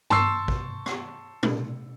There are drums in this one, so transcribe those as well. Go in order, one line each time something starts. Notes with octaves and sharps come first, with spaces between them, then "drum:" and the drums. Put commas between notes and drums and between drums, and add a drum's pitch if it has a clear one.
A5 C6 C#6 E6 C7, drum: tom G2
drum: kick
drum: rim click
drum: tom